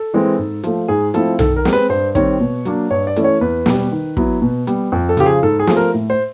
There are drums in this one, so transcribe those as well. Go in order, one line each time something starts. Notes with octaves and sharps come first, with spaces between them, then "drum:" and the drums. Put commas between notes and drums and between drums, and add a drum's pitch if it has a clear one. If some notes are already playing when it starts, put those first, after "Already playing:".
Already playing: A4
E3 G#3 C4
G#2
F3 A3, drum: hi-hat
G#2 G#4
F3 A3 C4 E4 A4, drum: hi-hat
D#3 A4, drum: tom B1
A#4
G#3 C4, drum: snare
B4
G2 C5
D#3 G3 C4 C#5, drum: kick, hi-hat
B2
F#3 A#3 D4, drum: hi-hat
G2 C#5
D5
E3 A3 C#4 E4, drum: hi-hat
C#5
E2 B4
B2 G3, drum: snare
D#3
F#3 B3 E4, drum: kick
B2
G3 B3, drum: hi-hat
F2
A4
C#3 F3 G4, drum: hi-hat
G#4
G#2 A4
G#4
F3 A3, drum: snare
A#4
A2
C5